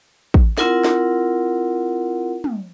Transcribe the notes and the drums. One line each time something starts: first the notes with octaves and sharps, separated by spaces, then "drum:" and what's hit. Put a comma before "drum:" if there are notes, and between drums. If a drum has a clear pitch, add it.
drum: kick A1
C4 E4 F4 A#4 F#5, drum: snare
drum: snare
drum: tom